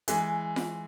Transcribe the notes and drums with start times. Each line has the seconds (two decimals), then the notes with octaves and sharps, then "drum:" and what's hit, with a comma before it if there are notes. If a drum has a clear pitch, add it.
0.08 E3 G#3, drum: hi-hat
0.56 drum: snare F4